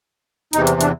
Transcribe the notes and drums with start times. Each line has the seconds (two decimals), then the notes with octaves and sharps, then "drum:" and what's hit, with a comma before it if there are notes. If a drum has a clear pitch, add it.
0.53 E2 C3 E3 D#4, drum: hi-hat
0.67 drum: hi-hat
0.81 D4, drum: hi-hat